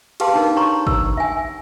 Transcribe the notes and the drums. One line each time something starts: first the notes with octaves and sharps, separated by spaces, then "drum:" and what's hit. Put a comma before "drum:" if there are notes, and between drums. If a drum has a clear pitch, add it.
G4 G#4 B4 F5 A5 C6, drum: cymbal
D4 D#4 A#4
C#5 A#5 C6 C#6
E6, drum: kick G#1
E5 G#5